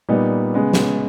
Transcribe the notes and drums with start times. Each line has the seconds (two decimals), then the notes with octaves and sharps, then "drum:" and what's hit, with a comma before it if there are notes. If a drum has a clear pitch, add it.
0.09 A#2 G3 B3 D#4
0.54 C#3 G#3 B3
0.73 drum: snare